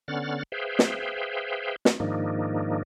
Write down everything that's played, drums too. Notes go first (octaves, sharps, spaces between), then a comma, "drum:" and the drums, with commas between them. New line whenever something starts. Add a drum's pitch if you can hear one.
D3 B3 C#4 F#5 F6 A6
G#4 B4 C5 E5 F5 G5
drum: snare
drum: snare
G#2 D#3 F3 A#3 D4 D#4